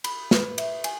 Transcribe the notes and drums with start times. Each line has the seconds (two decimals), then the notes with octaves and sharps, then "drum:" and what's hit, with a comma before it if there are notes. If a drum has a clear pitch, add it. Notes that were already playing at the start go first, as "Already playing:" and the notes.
0.04 B5, drum: cymbal
0.31 B4, drum: snare
0.58 E5, drum: cymbal
0.84 G#5, drum: cymbal